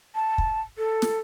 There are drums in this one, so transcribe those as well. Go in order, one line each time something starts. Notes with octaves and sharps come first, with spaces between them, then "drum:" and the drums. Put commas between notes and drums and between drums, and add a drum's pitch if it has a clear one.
A5
drum: kick
A4
drum: snare